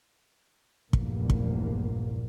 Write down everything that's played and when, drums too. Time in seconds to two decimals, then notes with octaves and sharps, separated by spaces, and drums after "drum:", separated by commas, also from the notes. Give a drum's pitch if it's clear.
0.93 F1 A#1 E2 G2 A#2 A#3, drum: kick
1.30 drum: kick